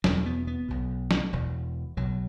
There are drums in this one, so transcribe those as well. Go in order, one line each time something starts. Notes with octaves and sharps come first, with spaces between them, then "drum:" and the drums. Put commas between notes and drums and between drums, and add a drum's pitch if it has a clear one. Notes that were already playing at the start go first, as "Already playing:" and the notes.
E1 E2 B2 F#3, drum: snare
B3
B3
B1 B2
drum: snare
E1 E2 B2
B1 B2 F#3